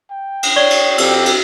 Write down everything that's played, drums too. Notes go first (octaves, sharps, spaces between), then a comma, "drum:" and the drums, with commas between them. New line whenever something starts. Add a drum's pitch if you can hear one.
G5
drum: cymbal
C#5 D5 C#6 G#6 G7
drum: cymbal
F2 C4 G4 E6, drum: cymbal
drum: cymbal